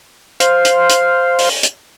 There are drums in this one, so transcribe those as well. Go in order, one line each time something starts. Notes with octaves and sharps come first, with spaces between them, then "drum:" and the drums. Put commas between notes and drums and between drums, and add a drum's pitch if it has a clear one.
C5 F5, drum: hi-hat
drum: hi-hat
drum: hi-hat
drum: open hi-hat
drum: hi-hat